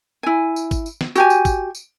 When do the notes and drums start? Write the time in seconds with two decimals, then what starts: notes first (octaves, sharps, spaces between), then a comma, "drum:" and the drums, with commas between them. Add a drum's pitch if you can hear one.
0.23 E4 G#5
0.56 drum: tambourine
0.71 drum: kick, tambourine
0.86 drum: tambourine
1.01 drum: snare
1.15 F#4 G4 G#5, drum: tambourine
1.30 drum: tambourine
1.45 drum: kick, tambourine
1.75 drum: tambourine